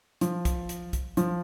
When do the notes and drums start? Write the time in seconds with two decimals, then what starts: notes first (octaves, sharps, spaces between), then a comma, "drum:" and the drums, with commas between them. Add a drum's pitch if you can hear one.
0.21 F3, drum: hi-hat
0.45 drum: kick, hi-hat
0.69 drum: hi-hat
0.93 drum: kick, hi-hat
1.17 F3, drum: hi-hat